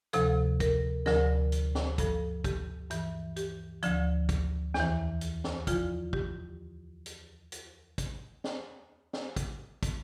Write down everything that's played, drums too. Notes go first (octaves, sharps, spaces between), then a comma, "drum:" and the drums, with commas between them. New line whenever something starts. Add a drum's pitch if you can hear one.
D2 C3 F3 A4, drum: hi-hat
A#4, drum: kick, hi-hat
D2 D3 F3 A#4, drum: snare
drum: hi-hat
drum: snare
G2 F3 A4, drum: kick, hi-hat
G4, drum: kick, hi-hat
G2 E3, drum: hi-hat
G4, drum: hi-hat
D2 D3 F3, drum: hi-hat
drum: kick, hi-hat
E2, drum: snare
E3
drum: hi-hat
drum: snare
E2 D3 F3 F4, drum: kick, hi-hat
G4, drum: kick
drum: hi-hat
drum: hi-hat
drum: kick, hi-hat
drum: snare
drum: snare
drum: kick, hi-hat
drum: kick, hi-hat